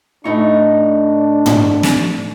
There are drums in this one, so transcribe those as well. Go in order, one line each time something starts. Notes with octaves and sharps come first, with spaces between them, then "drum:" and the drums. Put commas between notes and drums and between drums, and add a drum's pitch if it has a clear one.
A2 D4 D#4 C#6
drum: tom
drum: snare